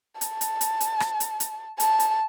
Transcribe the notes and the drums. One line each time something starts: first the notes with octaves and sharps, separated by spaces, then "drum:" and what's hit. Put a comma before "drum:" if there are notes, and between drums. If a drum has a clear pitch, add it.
A5, drum: hi-hat
drum: hi-hat
drum: hi-hat
drum: hi-hat
drum: rim click
drum: hi-hat
drum: hi-hat
A5, drum: hi-hat
drum: hi-hat